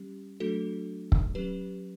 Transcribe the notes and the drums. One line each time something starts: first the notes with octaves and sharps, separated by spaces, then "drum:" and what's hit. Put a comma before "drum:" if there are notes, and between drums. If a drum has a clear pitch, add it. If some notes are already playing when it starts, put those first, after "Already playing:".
Already playing: G3 C#4 G4
F#3 A3 D4 F#4 A4
drum: kick
F#3 C#4 G4 B4